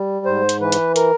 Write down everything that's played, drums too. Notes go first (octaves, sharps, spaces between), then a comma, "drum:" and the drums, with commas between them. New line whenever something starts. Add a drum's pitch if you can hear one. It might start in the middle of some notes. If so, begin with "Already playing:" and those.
Already playing: G3
G#2 C5
drum: hi-hat
E3 B4
drum: hi-hat
A#4, drum: hi-hat